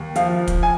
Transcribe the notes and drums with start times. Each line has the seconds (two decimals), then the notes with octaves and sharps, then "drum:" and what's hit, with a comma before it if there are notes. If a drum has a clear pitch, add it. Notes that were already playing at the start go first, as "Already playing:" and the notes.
Already playing: D#2
0.16 F3 F5, drum: hi-hat
0.47 drum: kick, hi-hat
0.63 G#5